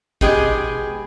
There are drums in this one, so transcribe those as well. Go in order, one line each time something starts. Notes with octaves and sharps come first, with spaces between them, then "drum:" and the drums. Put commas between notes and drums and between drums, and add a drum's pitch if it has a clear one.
B2 G#3 G4 G#4 D#5, drum: kick G#1